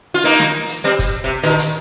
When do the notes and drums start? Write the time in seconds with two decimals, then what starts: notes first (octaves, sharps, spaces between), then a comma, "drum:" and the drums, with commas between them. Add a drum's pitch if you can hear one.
0.14 F4
0.24 A#3 D#4
0.39 drum: snare
0.69 drum: hi-hat
0.84 G3 C4
0.99 drum: kick, hi-hat
1.24 C3
1.43 A#2 D#3
1.59 drum: hi-hat